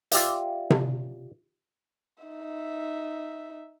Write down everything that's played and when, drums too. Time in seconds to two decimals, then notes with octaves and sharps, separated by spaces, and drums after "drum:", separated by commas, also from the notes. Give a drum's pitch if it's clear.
0.11 F4 G4 D5 E5, drum: hi-hat
0.70 drum: tom C3
2.24 D#4 E5